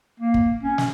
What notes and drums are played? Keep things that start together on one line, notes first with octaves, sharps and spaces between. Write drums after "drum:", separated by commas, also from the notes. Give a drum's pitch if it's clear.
A#3
drum: kick
C#4
drum: snare